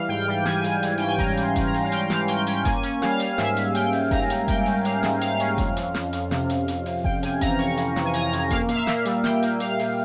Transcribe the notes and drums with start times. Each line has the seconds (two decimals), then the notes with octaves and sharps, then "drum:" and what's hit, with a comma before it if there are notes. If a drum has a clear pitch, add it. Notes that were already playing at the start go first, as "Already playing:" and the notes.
Already playing: E3 G3 F5
0.09 G#2 G5
0.28 G3
0.45 G3 G#5, drum: snare
0.64 G#2, drum: hi-hat
0.83 E3, drum: hi-hat
0.98 C#4 G5, drum: open hi-hat
1.08 G#5
1.18 E3 A#5, drum: kick F#1, open hi-hat
1.37 E3, drum: hi-hat
1.43 C6
1.56 C#4, drum: kick F#1, hi-hat
1.67 A#5
1.74 G3, drum: open hi-hat
1.84 F5
1.92 C#4 G5, drum: hi-hat
2.10 E3 F5, drum: snare
2.28 C#4 G5, drum: hi-hat
2.47 C#4 G5, drum: hi-hat
2.65 A#3 G#5, drum: kick F#1, hi-hat
2.83 C#4, drum: hi-hat
3.02 G3 F5, drum: snare
3.20 G3, drum: hi-hat
3.38 G#2 E5, drum: snare
3.57 G#2, drum: hi-hat
3.75 G#2 G5, drum: hi-hat
3.93 G#2, drum: open hi-hat
4.11 A#3 A#5, drum: kick F#1, open hi-hat
4.30 A#3, drum: hi-hat
4.48 A#3 G5, drum: kick F#1, hi-hat
4.66 C#4, drum: open hi-hat
4.85 A#3 F5, drum: hi-hat
5.03 G#2, drum: snare
5.21 G#2 F5, drum: hi-hat
5.40 C#4, drum: hi-hat
5.58 F2, drum: kick F#1, hi-hat
5.77 F2, drum: hi-hat
5.94 F2, drum: snare
6.13 F2, drum: hi-hat
6.31 C3, drum: snare
6.50 F2, drum: hi-hat
6.68 F2, drum: hi-hat
6.86 C3, drum: open hi-hat
7.04 F2 G5, drum: kick F#1
7.23 C3 G#5, drum: hi-hat
7.41 E3 A#5, drum: kick F#1, hi-hat
7.59 F2 C#6, drum: open hi-hat
7.77 E3, drum: hi-hat
7.96 C3, drum: snare
8.05 G#5
8.14 C3 A#5, drum: hi-hat
8.33 F2, drum: hi-hat
8.50 A#3 F5, drum: kick F#1, hi-hat
8.69 A#2 F5, drum: hi-hat
8.76 E5
8.87 A#3, drum: snare
9.05 G3, drum: hi-hat
9.24 G3 G5, drum: snare
9.43 A#3, drum: hi-hat
9.60 A#2 F5, drum: hi-hat
9.80 G3, drum: open hi-hat